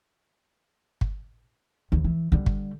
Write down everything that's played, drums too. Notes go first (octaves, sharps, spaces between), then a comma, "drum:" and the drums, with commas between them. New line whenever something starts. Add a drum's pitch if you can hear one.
drum: kick
D#2 D#3
E3
D3 G3
drum: kick